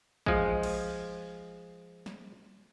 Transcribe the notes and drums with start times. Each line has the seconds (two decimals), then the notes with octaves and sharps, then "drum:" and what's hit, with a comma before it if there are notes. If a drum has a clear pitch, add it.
0.26 F3 G#3, drum: kick
0.63 drum: cymbal
2.06 drum: snare